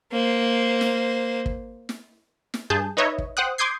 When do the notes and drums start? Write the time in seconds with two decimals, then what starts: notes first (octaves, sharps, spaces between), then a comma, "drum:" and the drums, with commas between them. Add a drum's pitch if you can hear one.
0.13 A#3 C5
0.81 drum: snare
1.46 drum: kick
1.89 drum: snare
2.54 drum: snare
2.70 G2 G#4 A5 G6
2.97 D#4 B4 C#5 D#5 E5
3.18 drum: kick
3.37 C5 F#5 G5 D#6 F#6
3.58 C6 D6 D#6 G6 G#6 C7